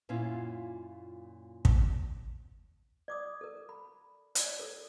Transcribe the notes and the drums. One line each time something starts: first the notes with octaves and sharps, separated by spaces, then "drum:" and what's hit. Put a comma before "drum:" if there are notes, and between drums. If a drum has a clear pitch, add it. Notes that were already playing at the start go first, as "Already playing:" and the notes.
F#2 A#2 C#4 E4 F4
drum: kick
D5 D6 D#6
A4 A#4
B5
C#5 D5, drum: hi-hat
A4 A#4